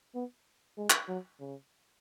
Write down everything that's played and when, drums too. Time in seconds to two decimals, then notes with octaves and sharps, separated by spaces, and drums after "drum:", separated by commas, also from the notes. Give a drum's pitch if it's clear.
0.15 B3
0.77 G#3
0.90 drum: clap
1.08 F#3
1.40 C#3